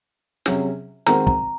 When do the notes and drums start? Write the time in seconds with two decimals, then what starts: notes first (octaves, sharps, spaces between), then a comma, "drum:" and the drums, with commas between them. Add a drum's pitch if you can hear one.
0.46 C3 F#3 C#4 G#4, drum: snare
1.07 D#3 G#3 C4 F#4 A#4 A#5, drum: snare
1.27 A#5, drum: kick